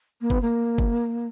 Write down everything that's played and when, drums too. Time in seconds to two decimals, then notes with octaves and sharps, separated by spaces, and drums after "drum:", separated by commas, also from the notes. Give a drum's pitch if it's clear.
0.21 A#3
0.30 B3, drum: kick F#1
0.41 A#3
0.78 drum: kick F#1